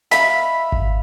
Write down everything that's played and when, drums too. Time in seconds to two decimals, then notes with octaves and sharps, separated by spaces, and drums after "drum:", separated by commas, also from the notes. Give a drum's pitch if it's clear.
0.11 E5 F5 B5, drum: snare
0.72 drum: kick G#1